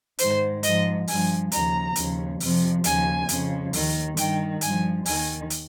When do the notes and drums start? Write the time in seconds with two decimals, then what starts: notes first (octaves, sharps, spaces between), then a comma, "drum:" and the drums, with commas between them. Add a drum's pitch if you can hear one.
0.18 G#2 D#3 C5, drum: hi-hat
0.63 G#2 F3 D#5, drum: hi-hat
1.07 G2 F3 G#5, drum: open hi-hat
1.52 D#2 C#3 F3 A#5, drum: hi-hat
1.96 D#2 C#3 F3, drum: hi-hat
2.40 F2 C3 F3, drum: open hi-hat
2.84 D#2 C#3 F3 G#5, drum: hi-hat
3.29 F2 C#3 F3, drum: hi-hat
3.73 D#2 D#3, drum: open hi-hat
4.17 G2 D#3 G5, drum: hi-hat
4.61 G2 F3 G#5, drum: hi-hat
5.05 D#2 D#3 G#5, drum: open hi-hat
5.50 drum: hi-hat